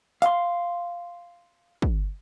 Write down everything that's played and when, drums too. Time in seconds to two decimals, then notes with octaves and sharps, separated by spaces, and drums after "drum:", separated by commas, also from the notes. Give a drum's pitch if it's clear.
0.22 F5 C6, drum: hi-hat
1.82 drum: kick